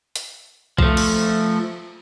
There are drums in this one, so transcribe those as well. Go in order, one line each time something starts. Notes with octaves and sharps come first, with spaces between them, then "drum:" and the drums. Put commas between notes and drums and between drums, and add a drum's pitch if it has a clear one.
drum: hi-hat
F3 A3, drum: kick
drum: cymbal